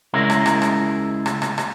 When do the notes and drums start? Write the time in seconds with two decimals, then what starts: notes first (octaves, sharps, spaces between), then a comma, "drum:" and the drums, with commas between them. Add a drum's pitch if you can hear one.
0.14 C#2 G#3 C#4 E4 A#4
0.30 drum: rim click
0.46 drum: rim click
0.62 drum: rim click
1.26 drum: rim click
1.42 drum: rim click
1.58 drum: rim click